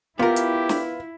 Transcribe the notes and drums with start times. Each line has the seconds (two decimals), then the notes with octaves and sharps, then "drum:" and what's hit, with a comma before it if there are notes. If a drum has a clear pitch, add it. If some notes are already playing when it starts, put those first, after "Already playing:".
0.19 B3 E4 F4 G4 A#4
0.36 drum: hi-hat
0.69 drum: snare